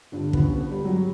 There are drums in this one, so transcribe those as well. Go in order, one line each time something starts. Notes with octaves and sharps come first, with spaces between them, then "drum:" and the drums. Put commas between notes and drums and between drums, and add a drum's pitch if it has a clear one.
G1 G2 D3 D4
B3, drum: kick
C#4
B3
G3
F#3
G3